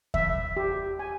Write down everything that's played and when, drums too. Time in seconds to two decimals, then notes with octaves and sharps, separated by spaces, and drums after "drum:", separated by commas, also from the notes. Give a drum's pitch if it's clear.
0.14 E5, drum: kick D#2
0.57 G4
0.99 G#5